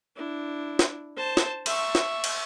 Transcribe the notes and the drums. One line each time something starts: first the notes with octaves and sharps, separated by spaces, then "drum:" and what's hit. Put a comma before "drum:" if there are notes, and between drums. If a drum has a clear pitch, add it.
D4 E4
drum: snare
C5 A5
drum: snare
E5 C#6, drum: cymbal
drum: snare
drum: cymbal